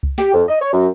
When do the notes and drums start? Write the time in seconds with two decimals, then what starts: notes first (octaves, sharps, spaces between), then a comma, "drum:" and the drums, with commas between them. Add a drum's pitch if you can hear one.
0.03 drum: kick C2
0.18 G4, drum: snare
0.33 F2
0.48 D#5
0.61 C#5
0.73 F#2